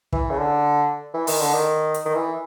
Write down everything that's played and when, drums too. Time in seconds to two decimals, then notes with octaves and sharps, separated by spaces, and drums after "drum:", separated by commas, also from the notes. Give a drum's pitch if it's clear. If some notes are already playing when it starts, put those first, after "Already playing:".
0.13 E3, drum: kick
0.30 C#3
0.39 D3
1.14 E3
1.27 D#3, drum: open hi-hat
1.41 D3
1.54 D#3
1.94 drum: hi-hat
2.06 D#3
2.14 E3